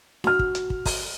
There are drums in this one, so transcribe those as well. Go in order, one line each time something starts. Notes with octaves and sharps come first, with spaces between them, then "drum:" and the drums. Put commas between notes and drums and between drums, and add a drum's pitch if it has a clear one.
F#4 F6, drum: snare D4
drum: kick
drum: hi-hat
drum: kick
drum: kick, open hi-hat